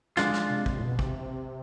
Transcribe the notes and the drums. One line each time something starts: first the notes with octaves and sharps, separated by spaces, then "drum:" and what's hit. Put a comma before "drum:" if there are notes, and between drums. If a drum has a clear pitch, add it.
D3 G#3 D4 F4, drum: snare
drum: snare
C3
drum: kick
A2
B2
C3, drum: kick